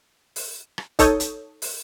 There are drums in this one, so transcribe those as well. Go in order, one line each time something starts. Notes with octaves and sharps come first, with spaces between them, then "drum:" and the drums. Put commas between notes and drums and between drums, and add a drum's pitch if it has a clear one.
drum: open hi-hat
drum: rim click
D#4 A4 C#5 D#6 G6, drum: kick, hi-hat
drum: hi-hat
drum: open hi-hat